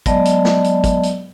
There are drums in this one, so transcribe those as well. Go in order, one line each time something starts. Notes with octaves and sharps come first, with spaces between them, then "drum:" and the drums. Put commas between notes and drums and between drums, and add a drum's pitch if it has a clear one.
F#3 G#3 B3 D5 D#5 A5, drum: kick, hi-hat
drum: hi-hat
drum: snare
drum: hi-hat
drum: kick, hi-hat
drum: hi-hat